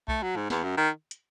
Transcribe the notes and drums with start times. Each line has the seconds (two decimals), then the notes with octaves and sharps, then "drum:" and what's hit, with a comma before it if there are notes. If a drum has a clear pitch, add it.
0.08 A3, drum: kick B1
0.22 F#3
0.36 G#2
0.50 E2, drum: snare
0.64 F#2
0.77 D#3
1.11 drum: hi-hat